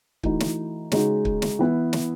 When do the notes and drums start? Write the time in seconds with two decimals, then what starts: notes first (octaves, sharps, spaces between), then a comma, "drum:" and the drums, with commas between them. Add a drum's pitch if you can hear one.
0.23 E3 A3 D#4 F#4, drum: kick
0.40 drum: snare
0.92 C#3 G#3 D#4 F#4, drum: snare
1.25 drum: kick
1.42 drum: snare
1.59 E3 B3 E4
1.93 drum: snare